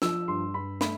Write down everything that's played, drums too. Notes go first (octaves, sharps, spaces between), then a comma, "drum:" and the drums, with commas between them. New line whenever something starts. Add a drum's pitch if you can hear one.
F3 E6, drum: snare
G2 C6
G2 B5
A3 B5, drum: snare